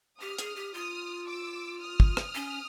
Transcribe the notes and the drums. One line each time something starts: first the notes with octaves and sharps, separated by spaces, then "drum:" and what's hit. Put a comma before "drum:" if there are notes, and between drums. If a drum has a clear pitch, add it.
G4 D#6 F6
G#4, drum: hi-hat
G4
F4 D#6 F6
D6 E6
D#6 F6
drum: kick
drum: rim click
C#4